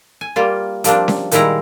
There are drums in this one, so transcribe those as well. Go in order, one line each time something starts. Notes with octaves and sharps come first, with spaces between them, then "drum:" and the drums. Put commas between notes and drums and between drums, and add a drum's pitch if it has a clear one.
G#5
G3 A#3 F4
F3 G3 A#3 C4 D4, drum: hi-hat
drum: snare C#4
A#2 D#3 G3 G#3 E4 A#5, drum: hi-hat